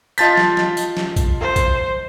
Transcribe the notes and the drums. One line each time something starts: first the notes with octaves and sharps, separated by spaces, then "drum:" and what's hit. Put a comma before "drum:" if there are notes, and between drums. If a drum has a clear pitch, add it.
F4 D#5 A5 G6 A6 B6, drum: tambourine
drum: snare
drum: snare
drum: tambourine
drum: snare
drum: kick A#1, tambourine
C5
drum: kick A#1, tambourine